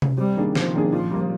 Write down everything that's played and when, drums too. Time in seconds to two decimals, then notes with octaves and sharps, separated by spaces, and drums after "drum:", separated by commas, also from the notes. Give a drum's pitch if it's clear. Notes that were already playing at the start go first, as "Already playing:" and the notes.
0.02 drum: tom C3
0.18 C3 G3
0.37 D#3 A#3 D4 G#4
0.55 C3 F3, drum: snare
0.74 D#3 A#3 D4 G#4
0.92 A#2 F3
1.11 G3 A#3